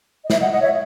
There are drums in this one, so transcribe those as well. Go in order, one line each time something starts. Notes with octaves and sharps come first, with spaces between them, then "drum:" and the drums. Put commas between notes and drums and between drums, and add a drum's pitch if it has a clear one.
D#5
C#5 E5, drum: snare
D#5 F#5
D#5 F#5
C#5 E5